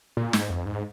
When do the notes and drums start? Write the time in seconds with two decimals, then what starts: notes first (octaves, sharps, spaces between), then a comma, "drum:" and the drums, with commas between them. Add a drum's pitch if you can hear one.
0.17 A#2
0.33 G#2, drum: snare
0.50 F2
0.66 G#2